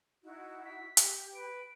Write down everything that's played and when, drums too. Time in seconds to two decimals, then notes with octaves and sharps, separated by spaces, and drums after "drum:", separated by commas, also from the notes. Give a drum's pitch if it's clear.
0.24 D#4 E4 F#4
0.65 B6
0.97 G4, drum: hi-hat
1.35 B4 D7